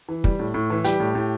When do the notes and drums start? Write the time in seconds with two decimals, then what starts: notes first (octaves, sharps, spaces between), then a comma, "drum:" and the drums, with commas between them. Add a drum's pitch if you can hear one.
0.09 E3
0.24 G3, drum: kick
0.39 A2
0.54 A2
0.70 E3
0.84 G3 G4, drum: hi-hat
1.00 A2
1.15 A2